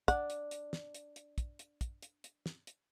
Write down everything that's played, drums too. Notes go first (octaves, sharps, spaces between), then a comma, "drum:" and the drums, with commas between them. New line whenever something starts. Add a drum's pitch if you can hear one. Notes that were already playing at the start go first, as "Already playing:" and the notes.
D4 F#5, drum: kick, hi-hat
drum: hi-hat
drum: hi-hat
drum: snare
drum: hi-hat
drum: hi-hat
drum: kick, hi-hat
drum: hi-hat
drum: kick, hi-hat
drum: hi-hat
drum: hi-hat
drum: snare
drum: hi-hat